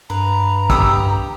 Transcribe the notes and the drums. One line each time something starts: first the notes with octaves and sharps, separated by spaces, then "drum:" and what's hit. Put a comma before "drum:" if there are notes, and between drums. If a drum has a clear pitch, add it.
G2 B4 A#5
G4 B5 D#6 E6, drum: kick